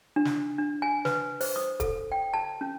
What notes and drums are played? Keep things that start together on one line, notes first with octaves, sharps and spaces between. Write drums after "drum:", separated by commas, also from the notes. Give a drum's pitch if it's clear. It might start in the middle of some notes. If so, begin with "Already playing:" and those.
D4
drum: snare
D4
G#5
B4, drum: snare
C5, drum: open hi-hat
D#6
A4, drum: kick, hi-hat
G5
A5
C#4